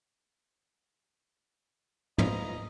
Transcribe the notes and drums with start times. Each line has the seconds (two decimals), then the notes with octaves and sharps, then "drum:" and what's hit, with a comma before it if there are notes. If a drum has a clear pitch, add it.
2.18 F4 B4 C5 D#5 A#5, drum: tom